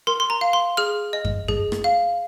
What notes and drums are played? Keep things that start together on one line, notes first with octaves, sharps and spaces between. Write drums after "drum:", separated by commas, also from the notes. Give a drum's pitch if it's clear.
A#4 C6
C6
A#5
F5
C6
G#4 F6
D#5
drum: kick F#2
G#4, drum: kick F#2
drum: rim click
F5